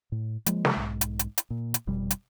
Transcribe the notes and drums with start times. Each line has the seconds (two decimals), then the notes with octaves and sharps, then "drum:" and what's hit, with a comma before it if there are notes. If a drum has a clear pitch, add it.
0.12 A2
0.46 F3 G#3 A#3, drum: hi-hat
0.65 drum: snare
0.77 B1 G#2
1.01 drum: hi-hat
1.19 drum: hi-hat
1.38 drum: hi-hat
1.50 A#2
1.74 drum: hi-hat
1.87 F1 B2 G3
2.11 drum: hi-hat